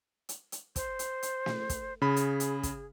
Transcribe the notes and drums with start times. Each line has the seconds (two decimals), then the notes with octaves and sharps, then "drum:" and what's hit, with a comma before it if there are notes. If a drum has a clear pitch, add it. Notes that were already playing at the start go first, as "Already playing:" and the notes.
0.29 drum: hi-hat
0.52 drum: hi-hat
0.76 C5, drum: kick, hi-hat
0.99 drum: hi-hat
1.23 drum: hi-hat
1.46 drum: snare
1.69 drum: kick, hi-hat
2.02 C#3 G#4 B5
2.16 drum: hi-hat
2.40 drum: hi-hat
2.63 drum: kick, hi-hat